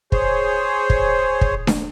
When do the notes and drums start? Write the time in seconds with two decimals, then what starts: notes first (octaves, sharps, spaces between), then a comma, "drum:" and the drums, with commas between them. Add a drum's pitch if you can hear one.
0.12 G#4 C5 C#5, drum: kick
0.90 drum: kick
1.41 drum: kick
1.67 drum: snare D4